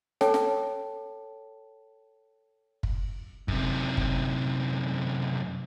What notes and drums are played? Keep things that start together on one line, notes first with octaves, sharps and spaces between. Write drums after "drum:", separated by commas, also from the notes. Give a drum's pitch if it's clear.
A4 C#5 G5 A5, drum: snare
drum: snare
drum: kick
F#2 C3, drum: kick
drum: kick